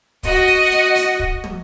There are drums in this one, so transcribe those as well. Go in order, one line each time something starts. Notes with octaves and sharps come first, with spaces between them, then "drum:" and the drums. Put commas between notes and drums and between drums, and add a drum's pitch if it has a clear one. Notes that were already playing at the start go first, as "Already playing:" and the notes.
F#4 D#5, drum: kick, hi-hat
drum: hi-hat
drum: hi-hat
drum: open hi-hat
drum: kick
drum: tom